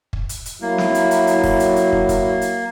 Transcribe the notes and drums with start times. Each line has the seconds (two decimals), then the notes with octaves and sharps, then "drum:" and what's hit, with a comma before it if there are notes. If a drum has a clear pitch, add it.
0.13 drum: kick
0.29 drum: hi-hat
0.46 drum: hi-hat
0.62 F#3 A#3 E4
0.78 drum: snare
0.95 drum: hi-hat
1.11 drum: hi-hat
1.27 drum: hi-hat
1.44 drum: kick, open hi-hat
1.60 drum: hi-hat
1.76 drum: hi-hat
1.92 drum: kick
2.09 drum: kick, hi-hat
2.41 drum: hi-hat